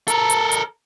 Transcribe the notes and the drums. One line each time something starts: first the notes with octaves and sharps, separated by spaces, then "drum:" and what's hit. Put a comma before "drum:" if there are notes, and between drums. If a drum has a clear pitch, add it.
A4 A#4, drum: hi-hat
drum: hi-hat
drum: hi-hat